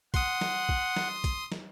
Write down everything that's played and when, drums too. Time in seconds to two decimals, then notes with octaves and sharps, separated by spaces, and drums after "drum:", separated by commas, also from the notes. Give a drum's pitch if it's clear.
0.14 F#5 C6 D#6, drum: kick B1, hi-hat
0.41 drum: snare
0.69 drum: kick B1
0.96 drum: snare
1.24 drum: kick B1, hi-hat
1.52 drum: snare